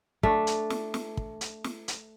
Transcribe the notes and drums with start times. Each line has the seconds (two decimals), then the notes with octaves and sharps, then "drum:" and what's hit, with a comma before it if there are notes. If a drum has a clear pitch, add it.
0.23 A3 D4, drum: kick
0.47 drum: hi-hat
0.70 drum: snare
0.94 drum: snare
1.17 drum: kick
1.41 drum: hi-hat
1.64 drum: snare
1.88 drum: hi-hat